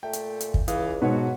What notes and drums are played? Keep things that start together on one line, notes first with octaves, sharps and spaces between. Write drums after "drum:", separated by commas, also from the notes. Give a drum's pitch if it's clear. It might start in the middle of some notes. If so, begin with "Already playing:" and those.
A#2 A3 G5
drum: hi-hat
drum: hi-hat
drum: kick
C#2 E3 F5 D#6, drum: hi-hat
G#2 B2 F#3 F#4 B4 C#5